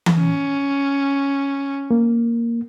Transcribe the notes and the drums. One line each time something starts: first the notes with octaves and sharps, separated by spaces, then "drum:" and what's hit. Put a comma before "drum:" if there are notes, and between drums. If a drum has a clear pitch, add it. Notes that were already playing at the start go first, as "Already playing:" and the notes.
drum: tom E3
C#4
A#3